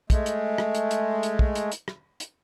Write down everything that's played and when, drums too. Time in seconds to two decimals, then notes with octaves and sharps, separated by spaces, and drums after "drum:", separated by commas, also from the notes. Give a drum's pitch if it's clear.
0.10 G#3 A3, drum: kick, hi-hat
0.26 drum: hi-hat
0.58 drum: rim click
0.75 drum: hi-hat
0.91 drum: hi-hat
1.23 drum: hi-hat
1.39 drum: kick
1.55 drum: hi-hat
1.72 drum: hi-hat
1.88 drum: rim click
2.20 drum: hi-hat